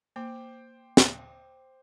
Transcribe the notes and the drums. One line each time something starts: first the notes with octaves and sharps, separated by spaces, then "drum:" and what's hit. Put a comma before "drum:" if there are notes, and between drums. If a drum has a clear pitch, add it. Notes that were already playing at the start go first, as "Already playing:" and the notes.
A#3 C5 G5 D6
drum: snare